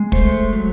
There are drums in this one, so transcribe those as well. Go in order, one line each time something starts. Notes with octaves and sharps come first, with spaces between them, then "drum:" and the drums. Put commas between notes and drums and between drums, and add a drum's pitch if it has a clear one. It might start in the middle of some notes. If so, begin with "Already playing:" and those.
Already playing: G#3
A3 C5, drum: kick
F#3